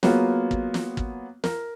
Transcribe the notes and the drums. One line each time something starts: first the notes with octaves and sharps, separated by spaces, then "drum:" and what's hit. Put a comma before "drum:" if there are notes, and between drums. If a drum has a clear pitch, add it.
F#3 A#3 B3 F4 G#4 F5, drum: snare
drum: kick
drum: snare
drum: kick
A#4, drum: snare